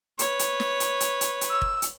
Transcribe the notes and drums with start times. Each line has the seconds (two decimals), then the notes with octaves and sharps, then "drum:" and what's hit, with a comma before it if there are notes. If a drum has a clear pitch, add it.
0.19 B4 C#5, drum: hi-hat
0.39 drum: hi-hat
0.60 drum: snare
0.80 drum: hi-hat
1.00 drum: hi-hat
1.21 drum: hi-hat
1.41 drum: hi-hat
1.51 E6
1.62 drum: kick
1.82 drum: hi-hat